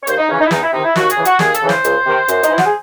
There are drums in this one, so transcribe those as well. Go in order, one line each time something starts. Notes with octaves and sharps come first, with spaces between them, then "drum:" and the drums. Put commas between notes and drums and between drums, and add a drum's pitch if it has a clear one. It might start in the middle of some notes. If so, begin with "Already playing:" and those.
C#5
D#2 C5, drum: hi-hat
D#4
C#3 E3 C#4
D#4
E4
E2 D#4, drum: snare
E4
C3 D#3 D#4
E4
D#2 F#4, drum: snare
G#4, drum: hi-hat
C#3 E3
F#4, drum: hi-hat
D#2 G#4, drum: snare
A4, drum: hi-hat
C#3 E3
C5, drum: snare
C#2, drum: hi-hat
C3 D#3
F#2, drum: hi-hat
D#4, drum: hi-hat
E3 E4
F#4, drum: snare
G#4